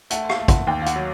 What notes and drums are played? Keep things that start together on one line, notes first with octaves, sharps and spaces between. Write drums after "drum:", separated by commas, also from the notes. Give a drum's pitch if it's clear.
A3 F#5, drum: hi-hat
F5, drum: rim click
A3
F#5, drum: kick, hi-hat
D#2 G5
F5
F#5, drum: hi-hat
F#3